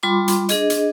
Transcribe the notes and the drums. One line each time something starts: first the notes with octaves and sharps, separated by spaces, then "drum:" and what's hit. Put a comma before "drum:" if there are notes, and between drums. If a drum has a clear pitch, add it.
G3 F4 B5 C6 D6
drum: hi-hat
D4 G#4 D#5, drum: hi-hat
drum: hi-hat